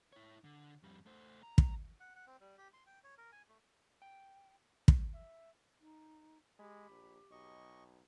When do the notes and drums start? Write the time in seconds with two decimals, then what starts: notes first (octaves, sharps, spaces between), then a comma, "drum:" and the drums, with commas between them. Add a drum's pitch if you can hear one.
0.13 E4 C#5
0.44 D3
0.83 F2 G3
1.06 A3 C5
1.43 A#5
1.58 drum: kick
2.00 F#5
2.15 F#5
2.27 C4
2.40 G3
2.58 G4
2.74 C6
2.87 G5
3.04 C#5
3.18 A#4
3.32 G#5
3.48 A3
4.02 G5
4.88 drum: kick
5.14 E5
5.81 D#4
6.59 G#3 G4 B5
6.91 A#1
7.31 B1 D#5 C#6